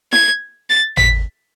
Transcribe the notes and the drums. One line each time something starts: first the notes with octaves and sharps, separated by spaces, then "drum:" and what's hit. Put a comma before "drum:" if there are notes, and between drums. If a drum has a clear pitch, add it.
G#6, drum: snare E4
A6
B6, drum: tom G#1